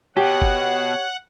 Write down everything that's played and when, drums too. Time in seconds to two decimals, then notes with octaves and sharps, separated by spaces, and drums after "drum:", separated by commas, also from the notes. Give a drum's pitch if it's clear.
0.17 B2 G4 C#5 F#5
0.42 drum: kick G1